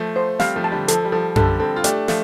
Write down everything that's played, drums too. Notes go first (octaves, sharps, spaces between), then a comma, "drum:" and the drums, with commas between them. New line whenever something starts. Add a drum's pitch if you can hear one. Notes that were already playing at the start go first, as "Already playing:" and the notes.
Already playing: F3 A3
C5
G3 C4 F5, drum: snare
F3 A3
A5
D3 G3
F3 A4, drum: hi-hat
G3
F3 A4
D3 G3 A4, drum: tom F#2
G3 C4 A4
F4
A3 D4 G4, drum: hi-hat
F3 A3 F5, drum: snare